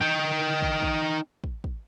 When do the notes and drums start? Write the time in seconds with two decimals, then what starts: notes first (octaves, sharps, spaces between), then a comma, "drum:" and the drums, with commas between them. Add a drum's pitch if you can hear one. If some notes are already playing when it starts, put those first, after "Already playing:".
0.01 D#4 G5
0.62 drum: kick
0.82 drum: kick
1.44 drum: kick
1.64 drum: kick